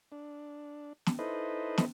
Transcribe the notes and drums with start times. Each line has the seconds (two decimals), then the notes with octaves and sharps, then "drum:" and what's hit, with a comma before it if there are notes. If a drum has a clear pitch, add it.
0.12 D4
1.06 drum: snare
1.19 D#4 E4 A4 B4 C5 D#5
1.78 drum: snare